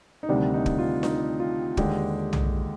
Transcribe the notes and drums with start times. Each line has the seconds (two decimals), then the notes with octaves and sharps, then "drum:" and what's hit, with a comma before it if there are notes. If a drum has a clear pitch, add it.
0.23 D#4
0.29 D2 C3 D#3 G3 D4
0.54 D#4
0.66 drum: kick
0.79 F4
1.03 D#4, drum: snare D4
1.40 F4
1.77 D#2 D3 G#3 G4, drum: kick
2.33 drum: tom